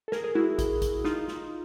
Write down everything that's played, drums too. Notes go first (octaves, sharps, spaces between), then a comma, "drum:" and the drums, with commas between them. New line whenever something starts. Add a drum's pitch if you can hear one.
A4
G#4 A#4, drum: snare
G#4 A#4
E4 F#4, drum: tom G#3
drum: kick A1, hi-hat
drum: kick A1, hi-hat
D#4 F4, drum: snare
drum: snare